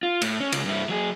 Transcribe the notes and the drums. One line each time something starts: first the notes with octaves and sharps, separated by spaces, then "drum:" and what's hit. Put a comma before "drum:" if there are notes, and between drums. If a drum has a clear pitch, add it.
F4
A2, drum: cymbal
C#4
C#2, drum: cymbal
G2 E4
F#3 G#4